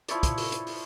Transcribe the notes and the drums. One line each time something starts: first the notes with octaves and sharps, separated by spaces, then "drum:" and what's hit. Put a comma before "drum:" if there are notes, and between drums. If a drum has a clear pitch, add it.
F3 E4 C#5 D5, drum: hi-hat
drum: kick, hi-hat
drum: open hi-hat
drum: hi-hat
drum: open hi-hat